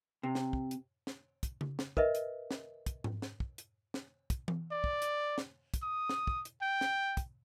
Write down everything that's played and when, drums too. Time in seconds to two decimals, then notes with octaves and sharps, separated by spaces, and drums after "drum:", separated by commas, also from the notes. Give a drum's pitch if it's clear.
0.23 C3
0.35 drum: snare
0.53 drum: kick
0.71 drum: hi-hat
1.07 drum: snare
1.43 drum: kick, hi-hat
1.61 drum: tom C#3
1.79 drum: snare
1.97 A#4 B4 D#5 E5, drum: kick
2.15 drum: hi-hat
2.51 drum: snare
2.86 drum: kick, hi-hat
3.04 drum: tom G#2
3.22 drum: snare
3.40 drum: kick
3.58 drum: hi-hat
3.94 drum: snare
4.30 drum: kick, hi-hat
4.48 drum: tom E3
4.72 D5
4.84 drum: kick
5.02 drum: hi-hat
5.38 drum: snare
5.74 drum: kick, hi-hat
5.83 D#6
6.09 drum: snare
6.27 drum: kick
6.45 drum: hi-hat
6.62 G5
6.81 drum: snare
7.17 drum: kick, hi-hat